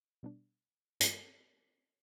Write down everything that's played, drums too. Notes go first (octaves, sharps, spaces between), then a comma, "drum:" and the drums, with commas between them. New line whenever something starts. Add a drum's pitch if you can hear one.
B2 G3 B3 D4
G2 E3 G#3 C#4 F4, drum: hi-hat